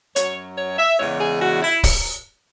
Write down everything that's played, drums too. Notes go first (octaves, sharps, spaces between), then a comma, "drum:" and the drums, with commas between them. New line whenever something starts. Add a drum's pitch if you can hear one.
F#2 F#3 C#5, drum: hi-hat
C#5
E5
E2 C#3 E3 G#3 C#5
G#4
F#4
E4
drum: kick, open hi-hat